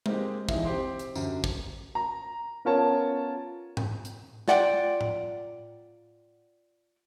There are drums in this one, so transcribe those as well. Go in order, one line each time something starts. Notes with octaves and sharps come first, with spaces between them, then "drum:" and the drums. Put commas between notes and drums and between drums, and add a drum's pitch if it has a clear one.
G#3 A#3 C4 D#4 G4, drum: tom G#3
E1 D#4 E4, drum: kick
C4 G4 C6
drum: hi-hat
F#2 D3, drum: tambourine
drum: kick
A#5
B3 C#4 F4 A#4 C#5 A5
drum: tom G#2
drum: hi-hat
F4 D5 F#5 G5, drum: snare
drum: tom A2